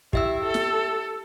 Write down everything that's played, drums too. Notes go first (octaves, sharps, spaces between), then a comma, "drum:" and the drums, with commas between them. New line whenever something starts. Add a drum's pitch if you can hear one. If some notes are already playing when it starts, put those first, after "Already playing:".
E4 G4 E5 E6, drum: kick
A4
drum: snare